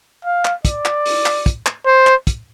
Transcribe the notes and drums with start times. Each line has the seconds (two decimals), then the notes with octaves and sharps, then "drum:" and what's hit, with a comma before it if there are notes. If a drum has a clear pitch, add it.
0.25 F5
0.45 drum: clap
0.65 D5, drum: kick, hi-hat
0.85 drum: clap
1.06 drum: open hi-hat
1.26 drum: clap
1.46 drum: kick, hi-hat
1.66 drum: clap
1.86 C5
2.07 drum: clap
2.27 drum: kick, hi-hat